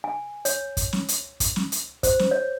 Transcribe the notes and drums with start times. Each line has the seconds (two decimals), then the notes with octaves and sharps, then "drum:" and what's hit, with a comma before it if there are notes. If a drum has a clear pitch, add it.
0.04 G#5
0.45 C#5, drum: hi-hat
0.77 drum: kick, hi-hat
0.93 drum: snare
1.08 drum: hi-hat
1.40 drum: kick, hi-hat
1.56 drum: snare
1.72 drum: hi-hat
2.03 C5, drum: kick, hi-hat
2.19 drum: snare
2.31 C#5